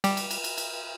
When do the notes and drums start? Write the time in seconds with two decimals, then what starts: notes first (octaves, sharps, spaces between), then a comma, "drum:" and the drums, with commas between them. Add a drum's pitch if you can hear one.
0.04 G3 G4, drum: cymbal
0.17 drum: cymbal
0.31 drum: cymbal
0.44 drum: cymbal
0.58 drum: cymbal